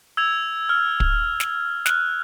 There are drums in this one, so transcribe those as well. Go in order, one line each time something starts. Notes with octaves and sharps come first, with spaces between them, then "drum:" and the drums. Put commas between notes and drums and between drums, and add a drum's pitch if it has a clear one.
E6 G#6 F7
F6
drum: kick
drum: snare
F6 F#6, drum: snare